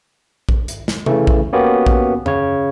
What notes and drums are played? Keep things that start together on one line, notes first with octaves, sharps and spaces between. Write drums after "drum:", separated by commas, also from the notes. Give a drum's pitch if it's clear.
drum: kick A#1
drum: hi-hat
drum: snare
C#3 E3 A3, drum: tom C3
drum: kick A#1
A#3 B3 C#4 F#4 G4
drum: kick A#1
C#3 C#5, drum: tom F#2